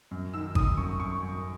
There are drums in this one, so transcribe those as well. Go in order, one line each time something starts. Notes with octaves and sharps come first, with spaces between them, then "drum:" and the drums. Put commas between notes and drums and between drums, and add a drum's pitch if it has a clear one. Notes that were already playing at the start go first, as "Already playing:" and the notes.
F#2
D#3 E6
D#3 D#6, drum: kick G#1
F#2 C#6
F#2 C#6
F#2